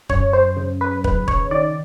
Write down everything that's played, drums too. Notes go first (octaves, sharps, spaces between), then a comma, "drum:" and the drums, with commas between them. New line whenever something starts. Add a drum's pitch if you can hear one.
F#2 C#5, drum: kick
C5
C#3
B4
D#2 B4, drum: kick
C#5, drum: kick
D#3 D5